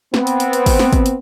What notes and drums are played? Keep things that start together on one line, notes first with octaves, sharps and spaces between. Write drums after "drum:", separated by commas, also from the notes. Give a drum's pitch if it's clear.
B3 C4, drum: snare
drum: hi-hat
drum: hi-hat
drum: hi-hat
drum: kick, open hi-hat
drum: snare
drum: kick, hi-hat
drum: hi-hat